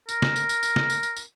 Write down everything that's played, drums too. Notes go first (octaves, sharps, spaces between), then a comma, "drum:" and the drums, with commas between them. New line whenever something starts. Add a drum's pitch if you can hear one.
A#4, drum: tambourine
drum: snare
drum: tambourine
drum: tambourine
drum: tambourine
drum: snare
drum: tambourine
drum: tambourine
drum: tambourine